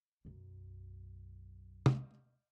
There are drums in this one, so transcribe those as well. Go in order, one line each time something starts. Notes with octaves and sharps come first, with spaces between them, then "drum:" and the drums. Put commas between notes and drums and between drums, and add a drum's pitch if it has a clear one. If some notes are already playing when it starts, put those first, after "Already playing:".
B1 F#2
drum: tom